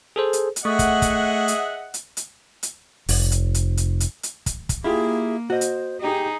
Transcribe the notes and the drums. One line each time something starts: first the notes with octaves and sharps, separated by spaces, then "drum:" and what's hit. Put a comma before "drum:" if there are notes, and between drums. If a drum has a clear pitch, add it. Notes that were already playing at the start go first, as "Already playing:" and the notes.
G#4 A4 C5
drum: hi-hat
drum: hi-hat
A3 G#4 D#5 E5 F#5 C#6 D#6
drum: kick, hi-hat
drum: kick, hi-hat
drum: hi-hat
drum: hi-hat
drum: hi-hat
drum: hi-hat
F1, drum: open hi-hat
drum: hi-hat
drum: hi-hat
drum: hi-hat
drum: hi-hat
drum: hi-hat
drum: kick, hi-hat
drum: kick, hi-hat
A#3 E4 F4 G4 G#4
F#4 C5 D#5
drum: hi-hat
D#4 G4 G#4